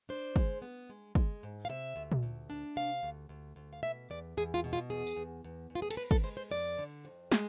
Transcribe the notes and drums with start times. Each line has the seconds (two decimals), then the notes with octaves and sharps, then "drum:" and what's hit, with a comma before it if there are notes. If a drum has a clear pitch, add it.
0.09 D4 C5
0.36 G#3, drum: kick
0.62 B3
0.89 G#3
1.15 G#3, drum: kick
1.43 G#2
1.65 F5
1.69 C3 E5
1.96 D2
2.12 drum: tom A#2
2.23 D2
2.50 D4
2.76 C3 F5
3.03 D2
3.29 D2
3.56 D2
3.73 F5
3.83 B2 E5
4.10 E2 D5
4.37 E2 G#4
4.54 F4
4.64 B2
4.73 F4
4.90 E2 G#4
5.07 drum: tambourine
5.16 E2
5.44 E2
5.70 E2
5.75 F4
5.82 G#4
5.90 A4, drum: cymbal
5.97 F2 B4
6.11 A4, drum: kick
6.24 G#3 C5
6.37 C5
6.51 F2 D5
6.78 D3
7.05 F2
7.32 G#3, drum: snare